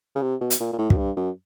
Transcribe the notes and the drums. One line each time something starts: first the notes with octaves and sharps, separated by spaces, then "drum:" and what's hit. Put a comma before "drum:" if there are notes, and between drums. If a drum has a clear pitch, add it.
C#3
C3
B2
drum: hi-hat
A#2
A#2
A2
F#2, drum: kick
G2
F#2